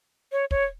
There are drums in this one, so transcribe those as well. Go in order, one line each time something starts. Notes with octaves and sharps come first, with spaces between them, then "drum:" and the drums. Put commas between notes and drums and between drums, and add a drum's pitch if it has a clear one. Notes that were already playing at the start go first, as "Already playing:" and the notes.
C#5
C#5, drum: kick